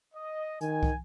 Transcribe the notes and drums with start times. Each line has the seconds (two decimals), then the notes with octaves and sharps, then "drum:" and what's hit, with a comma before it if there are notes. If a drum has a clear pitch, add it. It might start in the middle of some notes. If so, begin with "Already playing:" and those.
0.14 D#5
0.61 D#3 G#5, drum: hi-hat
0.83 drum: kick